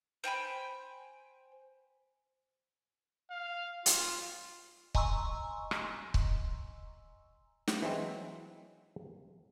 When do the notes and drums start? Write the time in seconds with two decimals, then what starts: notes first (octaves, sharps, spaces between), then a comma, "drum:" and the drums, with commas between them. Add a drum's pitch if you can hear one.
0.24 C5 G5 G#5 B5
3.30 F5
3.86 F4, drum: hi-hat
4.95 D#5 G#5 A#5 C6 C#6 E6, drum: kick C#1
5.71 drum: rim click
6.14 drum: kick C#1
7.68 drum: snare
7.82 E3 F#3 G#3 C4